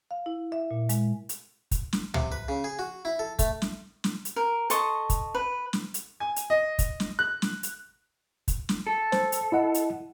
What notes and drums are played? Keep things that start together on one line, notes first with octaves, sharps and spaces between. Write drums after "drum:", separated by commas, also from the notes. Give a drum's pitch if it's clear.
F5
E4
E5
A#2
G#3, drum: hi-hat
drum: hi-hat
drum: kick, hi-hat
drum: snare
C3, drum: tom
B4
C#3
G#4
F#4
E4
A4
A3, drum: kick, hi-hat
drum: snare
drum: snare
drum: hi-hat
A#4
A4 D#5 C6 C#6, drum: hi-hat
drum: kick, hi-hat
B4
drum: snare
drum: hi-hat
G#5
drum: hi-hat
D#5
drum: kick, hi-hat
drum: snare
F#6
drum: snare
drum: hi-hat
drum: kick, hi-hat
drum: snare
A4
C5, drum: snare
drum: hi-hat
E4 D#5 F#5
drum: hi-hat